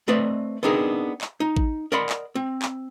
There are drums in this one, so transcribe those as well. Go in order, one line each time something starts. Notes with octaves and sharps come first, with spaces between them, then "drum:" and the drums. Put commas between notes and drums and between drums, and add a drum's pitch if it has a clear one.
A3 C4 B4 D5 D#5
B3 C4 D4 D#4 G#4 A#4
drum: clap
D#4
drum: kick A1
A#4 D5 D#5 F#5 B5 C6
drum: clap
C4
drum: clap